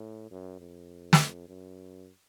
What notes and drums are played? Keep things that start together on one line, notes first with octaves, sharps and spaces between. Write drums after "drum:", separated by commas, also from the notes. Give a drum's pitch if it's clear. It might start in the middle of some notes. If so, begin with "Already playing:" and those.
Already playing: A2
F#2
F2
drum: snare
F#2